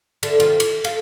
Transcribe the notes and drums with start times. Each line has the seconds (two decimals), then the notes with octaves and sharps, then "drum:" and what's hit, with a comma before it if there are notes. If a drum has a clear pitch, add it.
0.23 D3 A4 E5, drum: cymbal
0.40 C3 D#3 F4, drum: cymbal
0.60 E3, drum: cymbal
0.84 A4 F5, drum: cymbal